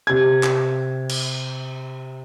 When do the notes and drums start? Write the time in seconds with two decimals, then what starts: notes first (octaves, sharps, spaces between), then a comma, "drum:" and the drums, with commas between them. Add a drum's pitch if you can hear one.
0.07 C3 G#6
0.43 drum: clap
1.10 drum: cymbal